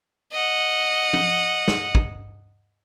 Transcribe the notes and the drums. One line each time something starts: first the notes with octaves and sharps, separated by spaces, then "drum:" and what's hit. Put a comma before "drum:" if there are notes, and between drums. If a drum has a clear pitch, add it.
D#5 F#5
drum: tom
drum: snare
drum: kick